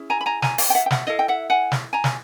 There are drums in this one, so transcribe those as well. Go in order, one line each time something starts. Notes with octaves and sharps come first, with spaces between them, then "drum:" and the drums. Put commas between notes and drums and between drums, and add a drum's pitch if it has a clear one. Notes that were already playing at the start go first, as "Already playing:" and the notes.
Already playing: C#4 E4 G#4
G#5 A#5
B5
G#5 A#5
G#5 A#5, drum: snare
F5 G5, drum: open hi-hat
G5
E5 F#5
G5
E5 F#5, drum: snare
E4 A4 D#5 F5
G5
E5 F#5
F#5 G#5
drum: snare
G#5 A#5
drum: snare